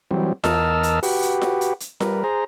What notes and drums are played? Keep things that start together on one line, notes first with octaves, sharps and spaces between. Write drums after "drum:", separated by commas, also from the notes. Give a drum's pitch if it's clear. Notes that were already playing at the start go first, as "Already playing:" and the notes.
E3 F#3 G3 C4
E2 A#4 D#5 A5 E6 F6, drum: snare F4
drum: hi-hat
F#4 G4 B4, drum: open hi-hat
drum: hi-hat
drum: snare F4
drum: hi-hat
drum: hi-hat
G3 A#4 B4, drum: snare F4
G#4 C5 A#5